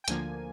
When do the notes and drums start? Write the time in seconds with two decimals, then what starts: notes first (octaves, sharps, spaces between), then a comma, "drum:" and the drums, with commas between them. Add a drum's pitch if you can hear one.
0.04 G5
0.08 D2 D3 F3 A#3 G#5, drum: hi-hat